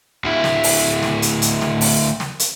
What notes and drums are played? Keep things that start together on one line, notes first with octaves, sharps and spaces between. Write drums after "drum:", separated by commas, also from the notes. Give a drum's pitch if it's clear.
D2 E4
drum: snare
drum: open hi-hat
drum: snare
drum: hi-hat
drum: hi-hat
drum: snare
drum: open hi-hat
drum: snare
drum: hi-hat